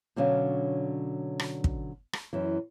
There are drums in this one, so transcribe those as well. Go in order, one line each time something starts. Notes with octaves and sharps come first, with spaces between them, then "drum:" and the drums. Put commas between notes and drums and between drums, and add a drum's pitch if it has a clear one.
B2 D3 F#3 C#4 D4 F5
drum: rim click
drum: kick
drum: rim click
F#2 E3